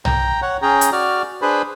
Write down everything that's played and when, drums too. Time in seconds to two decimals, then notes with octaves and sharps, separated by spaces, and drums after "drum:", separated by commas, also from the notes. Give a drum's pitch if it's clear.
0.05 G5 A#5, drum: tom B1
0.42 C#5 F#5
0.62 C#4 G#4 G5 A#5
0.81 drum: hi-hat
0.92 F#4 D5 F6
1.42 D4 G#4 B4 C5 B5